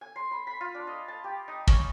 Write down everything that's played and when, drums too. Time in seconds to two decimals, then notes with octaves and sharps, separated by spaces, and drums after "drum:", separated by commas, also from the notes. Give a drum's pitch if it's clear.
0.01 G#5
0.16 C6
0.31 B5
0.47 B5
0.61 F4
0.75 D4
0.87 D#5
1.08 A5
1.24 G4
1.48 D#4
1.67 C#4, drum: kick